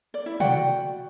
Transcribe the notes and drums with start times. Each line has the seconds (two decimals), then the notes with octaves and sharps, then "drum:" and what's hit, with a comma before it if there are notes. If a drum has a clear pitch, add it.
0.14 D5
0.26 E4
0.40 F#4 D5 F#5 G5, drum: tom